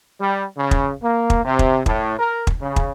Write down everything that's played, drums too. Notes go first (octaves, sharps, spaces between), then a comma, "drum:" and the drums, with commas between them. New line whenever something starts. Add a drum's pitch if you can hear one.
G3
C#3
drum: kick
A#3
drum: kick
C3
drum: kick
A2, drum: kick
A#4
drum: kick
C#3
drum: kick